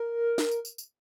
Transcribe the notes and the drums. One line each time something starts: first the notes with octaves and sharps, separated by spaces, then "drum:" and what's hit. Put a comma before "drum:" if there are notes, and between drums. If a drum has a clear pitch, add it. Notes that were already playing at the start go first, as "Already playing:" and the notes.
Already playing: A#4
drum: snare
drum: tambourine
drum: tambourine
drum: tambourine